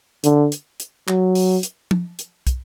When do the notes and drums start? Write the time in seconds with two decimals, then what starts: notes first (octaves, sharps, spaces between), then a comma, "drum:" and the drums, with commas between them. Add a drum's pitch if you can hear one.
0.24 D3, drum: hi-hat
0.52 drum: hi-hat
0.80 drum: hi-hat
1.08 F#3, drum: clap
1.35 drum: open hi-hat
1.63 drum: hi-hat
1.91 drum: tom F3
2.19 drum: hi-hat
2.47 drum: kick, hi-hat